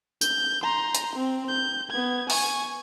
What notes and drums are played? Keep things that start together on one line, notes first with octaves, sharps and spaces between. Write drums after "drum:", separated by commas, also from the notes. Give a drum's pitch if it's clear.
G6, drum: tambourine
A#5 C6
drum: hi-hat
C4
G6
B3 G#6
G#5 C#6, drum: open hi-hat